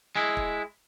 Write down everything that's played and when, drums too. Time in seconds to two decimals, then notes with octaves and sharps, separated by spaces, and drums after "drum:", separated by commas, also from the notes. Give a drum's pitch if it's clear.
0.16 G#3 E4
0.37 drum: kick